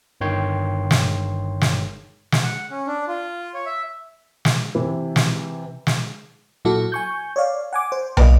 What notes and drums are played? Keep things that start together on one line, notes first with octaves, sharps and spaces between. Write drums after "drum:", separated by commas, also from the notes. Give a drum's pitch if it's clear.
G1 G2 D#3 C#5 G5 C6
drum: snare
drum: snare
drum: snare
F#5
C#4
D4
F4
C#5
E5
drum: snare
C3 E3
drum: snare
drum: snare
A#2 F#3 E4 F#4 A4
G#5 C#6 G6
C#5 D5 F5
F#5 G#5 D6
C5
A#3 B4 D5 D#5 F5, drum: tom